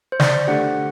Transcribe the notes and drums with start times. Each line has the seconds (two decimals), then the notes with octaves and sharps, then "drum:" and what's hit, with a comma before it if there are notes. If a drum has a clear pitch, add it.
0.12 C5
0.20 D5, drum: snare
0.48 D3 A3 D4 G4 F#5